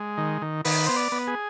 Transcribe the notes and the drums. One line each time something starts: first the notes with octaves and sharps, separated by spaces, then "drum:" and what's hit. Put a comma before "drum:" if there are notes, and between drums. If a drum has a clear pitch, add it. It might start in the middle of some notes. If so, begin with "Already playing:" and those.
Already playing: G#3
D#3
D#3
D#3 B4, drum: open hi-hat
B3 C5
D5
B3
G#4